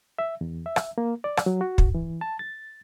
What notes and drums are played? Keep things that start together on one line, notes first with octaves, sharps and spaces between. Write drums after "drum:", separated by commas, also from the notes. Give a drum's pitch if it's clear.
E5
E2
E5
drum: rim click
A#3
D5
drum: rim click
F#3
F#4
drum: kick
E3
A5
A6